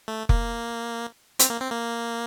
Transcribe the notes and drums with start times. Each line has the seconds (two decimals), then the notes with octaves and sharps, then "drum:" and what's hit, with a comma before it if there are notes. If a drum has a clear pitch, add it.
0.08 A3
0.29 A#3, drum: kick F1
1.39 C4, drum: hi-hat
1.50 A#3
1.61 C4
1.71 A#3